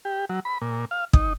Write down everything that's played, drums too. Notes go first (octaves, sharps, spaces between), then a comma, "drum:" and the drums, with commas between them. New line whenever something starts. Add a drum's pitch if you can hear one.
G4
F#3
B5
A#2
F5
D#4, drum: kick